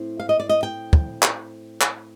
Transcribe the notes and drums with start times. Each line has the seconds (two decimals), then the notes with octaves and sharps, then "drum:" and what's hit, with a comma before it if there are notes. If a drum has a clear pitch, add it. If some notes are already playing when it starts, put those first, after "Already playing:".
Already playing: A2 C4
0.20 F5
0.29 D#5
0.40 D5
0.49 D#5
0.63 G5
0.93 drum: kick
1.22 drum: clap
1.81 drum: clap